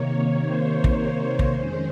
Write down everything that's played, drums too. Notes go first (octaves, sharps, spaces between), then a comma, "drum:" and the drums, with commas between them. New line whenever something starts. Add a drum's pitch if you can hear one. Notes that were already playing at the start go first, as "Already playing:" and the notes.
Already playing: C3 D#3 A#3 C#5
C5
drum: kick
drum: kick
F2 D#3 G#3 C#4 C5